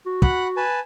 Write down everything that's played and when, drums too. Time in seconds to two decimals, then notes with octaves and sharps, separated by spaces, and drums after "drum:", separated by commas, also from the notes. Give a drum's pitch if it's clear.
0.06 F#4
0.22 F#5 B5 F#6, drum: kick
0.57 B4 G#5 A5